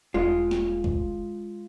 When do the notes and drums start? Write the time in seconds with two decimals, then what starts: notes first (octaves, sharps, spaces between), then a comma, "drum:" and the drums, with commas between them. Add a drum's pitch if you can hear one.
0.14 E1 G#3 F4
0.51 drum: snare
0.84 drum: kick C2